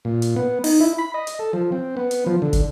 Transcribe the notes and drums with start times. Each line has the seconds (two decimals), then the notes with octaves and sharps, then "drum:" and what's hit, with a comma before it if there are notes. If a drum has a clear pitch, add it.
0.05 A#2
0.22 drum: hi-hat
0.36 B3
0.64 D#4, drum: open hi-hat
0.80 E4
0.98 B5
1.14 D#5
1.27 drum: hi-hat
1.39 A4
1.53 F3
1.72 C4
1.97 B3
2.11 drum: hi-hat
2.26 F3
2.42 D3
2.53 drum: kick, hi-hat